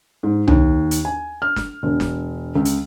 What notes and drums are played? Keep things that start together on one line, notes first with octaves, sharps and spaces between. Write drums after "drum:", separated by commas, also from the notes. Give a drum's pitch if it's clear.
G#2
D#2, drum: tom C2
drum: hi-hat
G#5
F6
drum: snare
E1
drum: snare
C#2
drum: hi-hat